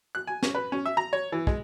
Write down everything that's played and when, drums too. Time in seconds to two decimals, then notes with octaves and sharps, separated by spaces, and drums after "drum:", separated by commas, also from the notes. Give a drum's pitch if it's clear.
0.15 F#6
0.27 G#5
0.43 C#4, drum: snare
0.55 B4
0.72 C#4
0.86 E5
0.97 A#5
1.13 C#5
1.32 E3
1.47 G#3, drum: kick